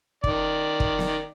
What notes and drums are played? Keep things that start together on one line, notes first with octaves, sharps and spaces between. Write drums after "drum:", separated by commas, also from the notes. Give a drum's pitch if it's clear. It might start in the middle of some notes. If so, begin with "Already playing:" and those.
D#3 D5, drum: kick
drum: kick
drum: snare B3